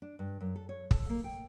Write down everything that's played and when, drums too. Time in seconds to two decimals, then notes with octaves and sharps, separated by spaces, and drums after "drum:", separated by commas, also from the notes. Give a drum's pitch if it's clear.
0.02 D4
0.19 G2
0.41 F#2
0.56 A4
0.69 C#5
0.91 A4, drum: kick
1.10 A#3
1.24 G5